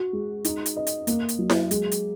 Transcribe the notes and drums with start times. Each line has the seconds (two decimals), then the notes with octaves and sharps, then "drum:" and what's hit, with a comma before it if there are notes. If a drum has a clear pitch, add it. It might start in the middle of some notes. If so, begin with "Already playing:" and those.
Already playing: F#4
0.13 G#3
0.45 D#4, drum: hi-hat
0.66 drum: hi-hat
0.77 D#5
0.87 drum: hi-hat
1.07 A#3, drum: hi-hat
1.29 drum: hi-hat
1.39 F#3
1.50 drum: snare E4
1.71 G#3, drum: hi-hat
1.92 drum: hi-hat